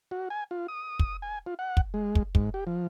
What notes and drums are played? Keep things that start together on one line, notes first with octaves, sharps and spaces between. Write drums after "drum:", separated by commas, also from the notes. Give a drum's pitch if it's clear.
F#4
G#5
F4
D#6
drum: kick
G#5
F4
F#5
drum: kick
G#3
drum: kick
G#2, drum: kick
G4
F3